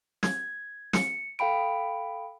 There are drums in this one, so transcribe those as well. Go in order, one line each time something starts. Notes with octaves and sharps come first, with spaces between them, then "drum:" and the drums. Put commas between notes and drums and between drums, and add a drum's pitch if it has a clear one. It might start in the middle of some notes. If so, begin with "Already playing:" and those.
G#6, drum: snare
C#7, drum: snare
A4 F5 G5 B5 D7